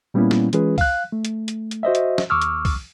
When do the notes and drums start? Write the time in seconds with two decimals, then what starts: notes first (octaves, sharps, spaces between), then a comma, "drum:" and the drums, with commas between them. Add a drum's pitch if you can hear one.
0.14 A#2 G3 A#3 B3 C#4 E4
0.31 drum: snare
0.53 E3 G#3 C#4 F4 G#4 B4, drum: hi-hat
0.78 F5 F#6, drum: kick C2, open hi-hat
1.12 A3
1.25 drum: hi-hat
1.48 drum: hi-hat
1.71 drum: hi-hat
1.83 F#4 C5 D#5 E5
1.95 drum: hi-hat
2.18 drum: snare
2.30 D#2 C#6 D6 E6 F6
2.42 drum: hi-hat
2.65 drum: kick C2, open hi-hat